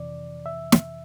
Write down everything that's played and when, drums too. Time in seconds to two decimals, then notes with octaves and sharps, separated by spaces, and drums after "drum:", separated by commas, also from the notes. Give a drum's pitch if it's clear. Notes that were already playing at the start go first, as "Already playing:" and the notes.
Already playing: F2 C3 E3 D5
0.46 E5
0.72 drum: snare